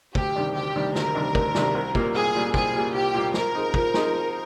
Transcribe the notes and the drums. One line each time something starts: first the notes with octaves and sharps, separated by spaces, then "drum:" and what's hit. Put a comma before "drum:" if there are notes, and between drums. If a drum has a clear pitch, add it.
D2 G4, drum: kick
C3 D#3 G3 D4
D2 G4
C3 D#3 G3 D4
D2 A#4, drum: snare
C3 D#3 G3 D4
D2, drum: kick
C3 D#3 G3 D4, drum: snare
C2
A#2 G3 A#3, drum: kick
C2 G#4
A#2 G3 A#3
C2 G#4, drum: kick
A#2 G3 A#3
C2 G4
A#2 G3 A#3
F3 A#4, drum: snare
C4 D#4 G#4 C5
F3, drum: kick
C4 D#4 G#4 C5, drum: snare
F3